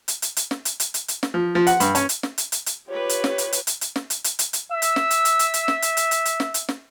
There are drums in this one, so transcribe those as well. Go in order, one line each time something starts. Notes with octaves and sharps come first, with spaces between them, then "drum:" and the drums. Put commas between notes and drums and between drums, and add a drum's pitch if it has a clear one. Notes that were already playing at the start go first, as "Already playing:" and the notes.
drum: hi-hat
drum: hi-hat
drum: hi-hat
drum: snare
drum: hi-hat
drum: hi-hat
drum: hi-hat
drum: hi-hat
drum: snare
F3
F3
F#5, drum: hi-hat
G2, drum: hi-hat
C#4, drum: hi-hat
drum: hi-hat
drum: snare
drum: hi-hat
drum: hi-hat
drum: hi-hat
F4 G4 B4 C#5
drum: hi-hat
drum: snare
drum: hi-hat
drum: hi-hat
drum: hi-hat
drum: hi-hat
drum: snare
drum: hi-hat
drum: hi-hat
drum: hi-hat
drum: hi-hat
E5 E6
drum: hi-hat
drum: snare
drum: hi-hat
drum: hi-hat
drum: hi-hat
drum: hi-hat
drum: snare
drum: hi-hat
drum: hi-hat
drum: hi-hat
drum: hi-hat
drum: snare
drum: hi-hat
drum: snare